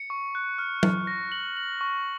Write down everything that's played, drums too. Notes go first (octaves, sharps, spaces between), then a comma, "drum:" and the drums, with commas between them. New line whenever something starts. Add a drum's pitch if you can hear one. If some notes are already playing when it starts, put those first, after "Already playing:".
Already playing: C#7
C#6
F#6
F6
F6, drum: tom F#3
A#6
F#7
F#7
C#6